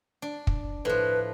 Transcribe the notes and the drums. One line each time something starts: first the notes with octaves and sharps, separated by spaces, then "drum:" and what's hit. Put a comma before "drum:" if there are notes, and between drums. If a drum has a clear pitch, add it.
D4
drum: kick
A2 F3 B4